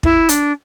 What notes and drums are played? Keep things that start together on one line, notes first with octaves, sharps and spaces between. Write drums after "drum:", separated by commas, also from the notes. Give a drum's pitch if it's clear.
E4, drum: kick
D4, drum: hi-hat